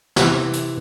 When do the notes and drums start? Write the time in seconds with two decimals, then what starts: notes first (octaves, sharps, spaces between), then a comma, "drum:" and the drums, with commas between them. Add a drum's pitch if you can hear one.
0.16 C3 E3, drum: snare
0.53 drum: hi-hat